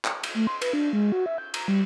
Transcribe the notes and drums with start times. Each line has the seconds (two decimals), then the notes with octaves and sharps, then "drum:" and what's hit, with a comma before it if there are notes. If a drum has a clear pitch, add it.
0.05 drum: clap
0.23 drum: cymbal
0.34 A3
0.47 C6
0.62 B4, drum: cymbal
0.73 D4
0.93 G#3
1.12 F#4
1.26 E5
1.38 G6
1.54 A#5, drum: cymbal
1.68 G3